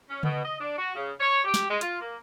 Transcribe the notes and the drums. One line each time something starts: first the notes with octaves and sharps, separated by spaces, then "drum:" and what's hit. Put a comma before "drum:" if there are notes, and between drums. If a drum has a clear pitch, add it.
C#4
B2, drum: tom C#3
D#5
D4
F#4
C#3
C#5
G4
drum: snare
G#3
F4, drum: hi-hat
A#3